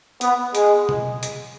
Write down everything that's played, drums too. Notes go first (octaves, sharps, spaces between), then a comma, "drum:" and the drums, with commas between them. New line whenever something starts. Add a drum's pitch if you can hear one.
B3, drum: hi-hat
G#3, drum: hi-hat
drum: tom B2
drum: hi-hat